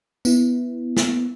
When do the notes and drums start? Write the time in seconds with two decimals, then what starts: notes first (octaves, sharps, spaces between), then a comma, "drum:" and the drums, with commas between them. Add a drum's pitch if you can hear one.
0.25 B3 E4, drum: tambourine
0.97 drum: snare